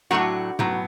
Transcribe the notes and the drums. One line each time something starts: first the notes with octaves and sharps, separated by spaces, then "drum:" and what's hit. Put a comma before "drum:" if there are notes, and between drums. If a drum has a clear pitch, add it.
A2 F#3 A3 D4 F#4
A2 F#3 B3, drum: tom